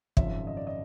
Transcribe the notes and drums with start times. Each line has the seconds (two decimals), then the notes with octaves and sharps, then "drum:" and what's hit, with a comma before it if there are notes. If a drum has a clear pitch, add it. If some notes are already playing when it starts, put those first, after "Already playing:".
0.17 G#1 F#2 C#3 F3 E5, drum: kick
0.47 D#5
0.57 D5
0.67 D#5